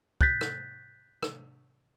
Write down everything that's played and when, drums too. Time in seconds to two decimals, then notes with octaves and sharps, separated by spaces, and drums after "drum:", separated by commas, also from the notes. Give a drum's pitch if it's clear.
0.21 F#6 G6 A6 B6, drum: kick
0.41 drum: rim click
1.23 drum: rim click